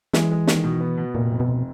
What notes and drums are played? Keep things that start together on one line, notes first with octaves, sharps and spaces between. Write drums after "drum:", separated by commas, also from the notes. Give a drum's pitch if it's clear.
E3 G#3, drum: snare
G#3
D#3, drum: snare
B2
B3
B2
F1 A#2
F2
B2
F1